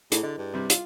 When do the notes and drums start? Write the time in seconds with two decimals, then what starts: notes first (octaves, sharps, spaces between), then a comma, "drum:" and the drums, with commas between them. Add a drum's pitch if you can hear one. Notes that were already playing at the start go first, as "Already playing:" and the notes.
0.12 A2 E4 G#4, drum: hi-hat
0.23 D3 D#5
0.38 G2
0.54 C3 G3
0.70 F4, drum: hi-hat